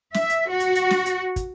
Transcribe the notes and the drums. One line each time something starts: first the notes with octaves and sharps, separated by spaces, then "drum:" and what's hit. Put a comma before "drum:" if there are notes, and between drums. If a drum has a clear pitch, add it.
E5, drum: snare
drum: hi-hat
F#4
drum: hi-hat
drum: hi-hat
drum: snare
drum: hi-hat
drum: kick, hi-hat